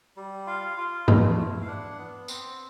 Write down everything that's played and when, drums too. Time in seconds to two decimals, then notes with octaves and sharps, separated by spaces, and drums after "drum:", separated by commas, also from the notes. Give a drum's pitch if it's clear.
0.17 G3
0.47 F4 F5
0.77 F4
1.08 A3, drum: tom G2
1.38 E4
1.61 F5
1.67 D4 F#5
1.99 B3
2.28 C4, drum: tambourine